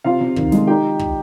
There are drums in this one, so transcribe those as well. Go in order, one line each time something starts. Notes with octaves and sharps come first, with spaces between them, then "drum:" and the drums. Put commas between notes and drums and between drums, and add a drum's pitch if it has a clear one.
C3 F4 F5
C3
D#3, drum: kick
G#3, drum: snare
D#4 G4 G5
drum: kick